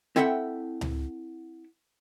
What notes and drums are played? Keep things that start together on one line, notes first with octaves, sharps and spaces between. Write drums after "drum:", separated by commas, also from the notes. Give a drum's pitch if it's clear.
C4 E4 A4 E5 F#5 G5
drum: tom C#2